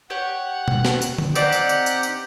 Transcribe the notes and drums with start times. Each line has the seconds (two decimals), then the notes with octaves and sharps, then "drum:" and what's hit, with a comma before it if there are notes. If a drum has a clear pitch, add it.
0.10 G4 C#5 F#5
0.68 drum: tom B2
0.85 drum: snare
1.02 drum: tambourine
1.18 drum: tom D3
1.35 C4 D#4 G4 D5 F#5, drum: tambourine
1.52 drum: tambourine
1.69 drum: tambourine
1.86 drum: tambourine
2.03 drum: tambourine